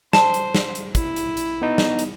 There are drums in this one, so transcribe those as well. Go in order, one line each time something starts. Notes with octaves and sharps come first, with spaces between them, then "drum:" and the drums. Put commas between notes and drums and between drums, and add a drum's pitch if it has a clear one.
C5 A5, drum: snare
drum: hi-hat
drum: snare
drum: hi-hat
E4, drum: kick, hi-hat
drum: hi-hat
drum: hi-hat
B3 D#4
drum: snare
drum: hi-hat